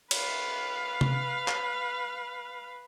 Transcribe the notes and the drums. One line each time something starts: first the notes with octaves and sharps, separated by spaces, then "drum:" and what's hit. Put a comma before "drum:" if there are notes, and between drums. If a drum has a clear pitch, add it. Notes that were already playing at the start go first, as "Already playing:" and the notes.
B4 F5, drum: cymbal
drum: tom C3
drum: clap